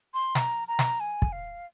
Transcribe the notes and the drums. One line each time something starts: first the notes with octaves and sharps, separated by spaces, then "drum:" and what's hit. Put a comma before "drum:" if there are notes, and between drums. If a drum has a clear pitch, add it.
C6
A#5, drum: snare
A#5
drum: snare
G#5
drum: kick
F5